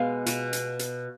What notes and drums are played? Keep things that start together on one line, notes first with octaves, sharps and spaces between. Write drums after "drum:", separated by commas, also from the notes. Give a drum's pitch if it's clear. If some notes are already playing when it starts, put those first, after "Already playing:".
Already playing: B2 G#3 B3 F5
B2, drum: hi-hat
drum: hi-hat
drum: hi-hat